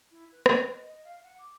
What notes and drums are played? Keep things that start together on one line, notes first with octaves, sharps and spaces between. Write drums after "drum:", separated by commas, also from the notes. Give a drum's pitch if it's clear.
E4
B4
C#6, drum: rim click
B4
D#5
D#5
F5
F#5
D6